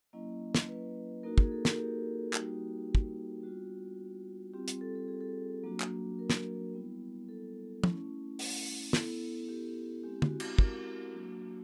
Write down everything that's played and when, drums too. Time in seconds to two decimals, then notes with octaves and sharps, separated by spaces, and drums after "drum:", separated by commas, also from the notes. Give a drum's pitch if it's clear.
0.13 F#3 A#3 C#4 E4 D#5
0.55 drum: snare
0.69 B4
1.23 A#3 D#4 F#4 A#4
1.38 G#4, drum: kick
1.52 A4
1.65 A#4, drum: snare
1.79 G4
2.33 G3 A#3 D#4 F#4 G4, drum: clap
2.95 drum: kick
3.43 G3 B3 D4 F4 F#4
4.53 G3 C4 F4 G4
4.68 G4, drum: hi-hat
4.81 A4
4.95 A4
5.08 G#4
5.21 A4
5.63 F#3 A#3 D4 F#4
5.80 drum: clap
6.19 A#4
6.30 drum: snare
6.74 G3 B3 E4
7.29 A4
7.84 A3 C#4 E4, drum: tom
8.39 drum: open hi-hat
8.93 B3 E4 A4, drum: snare
9.49 G4
10.04 G#3 C4 E4 G4
10.22 F#4, drum: tom
10.40 G4, drum: cymbal
10.59 A#4, drum: kick
11.14 F#3 A#3 D4 F#4